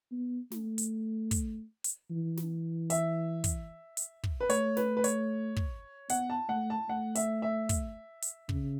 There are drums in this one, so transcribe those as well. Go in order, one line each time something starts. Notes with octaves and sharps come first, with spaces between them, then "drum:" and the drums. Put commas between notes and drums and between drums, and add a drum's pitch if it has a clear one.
B3
A3, drum: snare
drum: hi-hat
drum: kick, hi-hat
drum: hi-hat
E3
drum: snare
E5, drum: hi-hat
drum: kick, hi-hat
drum: hi-hat
drum: kick
B4
A3 C#5, drum: hi-hat
B4, drum: snare
B4
C#5, drum: hi-hat
drum: kick
B3 F#5, drum: hi-hat
A5
A3 F#5
A5
A3 F#5
E5, drum: hi-hat
E5
drum: kick, hi-hat
drum: hi-hat
C#3, drum: kick